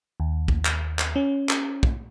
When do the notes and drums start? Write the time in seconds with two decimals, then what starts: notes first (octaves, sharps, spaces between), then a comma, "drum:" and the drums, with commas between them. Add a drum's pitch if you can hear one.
0.20 D#2
0.48 drum: kick
0.65 drum: clap
0.99 drum: clap
1.16 C#4
1.49 drum: clap
1.83 drum: kick